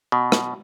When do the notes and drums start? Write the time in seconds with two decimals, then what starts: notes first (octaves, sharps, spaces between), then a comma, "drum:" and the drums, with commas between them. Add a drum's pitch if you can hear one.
0.12 B2
0.32 drum: rim click